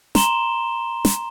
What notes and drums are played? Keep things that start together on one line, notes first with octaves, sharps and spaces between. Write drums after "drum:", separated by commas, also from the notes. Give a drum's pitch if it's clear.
A#5 C6 E7 G7, drum: snare
drum: snare